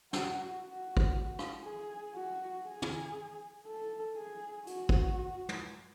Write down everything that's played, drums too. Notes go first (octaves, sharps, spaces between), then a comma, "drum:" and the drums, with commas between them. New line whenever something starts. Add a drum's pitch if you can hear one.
F#4, drum: snare
F#4
drum: kick
drum: rim click
G#4
F#4
G#4
drum: tom
A4
G#4
F#4, drum: hi-hat
drum: kick
drum: tom